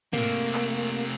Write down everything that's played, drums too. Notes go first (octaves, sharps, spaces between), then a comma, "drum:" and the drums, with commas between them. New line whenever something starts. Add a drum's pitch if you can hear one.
C3 A3 A#3, drum: tom
drum: clap